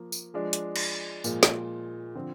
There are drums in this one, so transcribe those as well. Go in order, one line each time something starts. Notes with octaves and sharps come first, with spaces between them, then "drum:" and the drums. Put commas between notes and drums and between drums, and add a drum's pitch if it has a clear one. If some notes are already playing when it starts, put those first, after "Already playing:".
Already playing: F3 A#3
drum: tambourine
F3 G#3 D4
drum: hi-hat
drum: cymbal
A#2 F3 G#3, drum: tambourine
drum: snare
D3 F3 C4